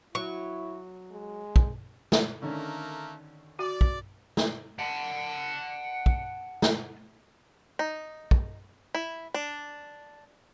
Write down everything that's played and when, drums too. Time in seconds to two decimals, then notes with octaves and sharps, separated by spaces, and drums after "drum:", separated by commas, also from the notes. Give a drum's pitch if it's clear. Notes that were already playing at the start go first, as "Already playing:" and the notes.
0.15 F#3 E4 C#6
1.12 G#3
1.56 drum: kick
2.12 drum: snare
2.42 D3 D#3 A3 A#3 C#4 A#4
3.59 F#4 D5
3.81 drum: kick
4.37 drum: snare
4.79 F#5 A5
6.06 drum: kick
6.62 drum: snare
7.79 D#4
8.31 drum: kick
8.95 E4
9.34 D4